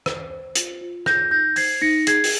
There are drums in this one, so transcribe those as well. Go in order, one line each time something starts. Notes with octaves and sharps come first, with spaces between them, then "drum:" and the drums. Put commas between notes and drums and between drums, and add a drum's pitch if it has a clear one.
C5, drum: rim click
C5
F4, drum: hi-hat
F4
G#4 G6 A#6, drum: rim click
D#4 G6 A#6
C5 G#6 C7, drum: open hi-hat
D#4 A#6 C#7
G#4 G#6 C7, drum: hi-hat
drum: open hi-hat